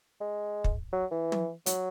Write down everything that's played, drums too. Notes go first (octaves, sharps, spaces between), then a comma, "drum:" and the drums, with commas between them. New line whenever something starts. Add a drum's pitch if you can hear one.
G#3
drum: kick
F#3
E3
drum: tom
F#3, drum: hi-hat